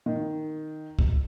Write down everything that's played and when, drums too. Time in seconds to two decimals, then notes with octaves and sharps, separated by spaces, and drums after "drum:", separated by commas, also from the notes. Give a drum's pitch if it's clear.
0.06 D#3
0.99 drum: kick